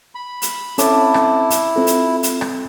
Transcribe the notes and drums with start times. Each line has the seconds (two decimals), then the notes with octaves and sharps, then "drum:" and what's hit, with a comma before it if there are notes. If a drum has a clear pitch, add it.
0.15 B5
0.42 drum: hi-hat
0.78 C4 C#4 E4 A4 C#5 A5 D6, drum: hi-hat
1.14 drum: rim click
1.50 drum: hi-hat
1.76 C4 F4 A4
1.87 drum: hi-hat
2.23 drum: hi-hat
2.41 drum: rim click